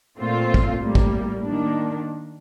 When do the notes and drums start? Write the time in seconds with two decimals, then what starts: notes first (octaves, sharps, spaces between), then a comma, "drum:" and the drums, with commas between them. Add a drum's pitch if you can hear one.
0.19 A#2 A3 C4 F4
0.54 drum: kick
0.81 A2 G3 A#3
0.95 drum: kick
1.44 D#3 A#3 D4